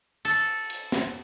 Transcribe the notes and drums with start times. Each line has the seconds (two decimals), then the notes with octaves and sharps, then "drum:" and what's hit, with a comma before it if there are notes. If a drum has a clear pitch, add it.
0.25 A4, drum: cymbal
0.70 drum: cymbal
0.92 drum: snare